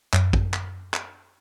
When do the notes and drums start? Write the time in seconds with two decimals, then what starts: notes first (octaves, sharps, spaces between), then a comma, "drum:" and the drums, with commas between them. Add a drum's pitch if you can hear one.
0.13 F#2, drum: clap
0.33 drum: kick
0.53 drum: clap
0.94 drum: clap